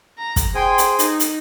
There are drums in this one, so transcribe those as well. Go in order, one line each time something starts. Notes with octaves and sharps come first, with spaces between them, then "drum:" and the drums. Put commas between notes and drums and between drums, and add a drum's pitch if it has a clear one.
A#5
drum: kick, hi-hat
G#4 C5 G5 G#5 C6
drum: hi-hat
D#4, drum: hi-hat
drum: hi-hat